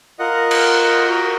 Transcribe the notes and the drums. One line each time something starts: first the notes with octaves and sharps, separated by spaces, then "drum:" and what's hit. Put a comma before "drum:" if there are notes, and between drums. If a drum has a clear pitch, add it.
F4 A#4 D#5 F#5
drum: cymbal
F#4 A#4 D#5